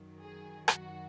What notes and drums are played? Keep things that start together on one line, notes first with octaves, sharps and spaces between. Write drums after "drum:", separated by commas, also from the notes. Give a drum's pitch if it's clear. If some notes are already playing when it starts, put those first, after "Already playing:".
Already playing: F#2 D#3 F#3
G#4
F#4, drum: rim click